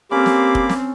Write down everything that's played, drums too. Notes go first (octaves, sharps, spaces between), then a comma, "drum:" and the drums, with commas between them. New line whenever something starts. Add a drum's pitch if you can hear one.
A#3 C4 C#4 G4 A4 B5 D6
drum: snare
drum: kick F1
drum: snare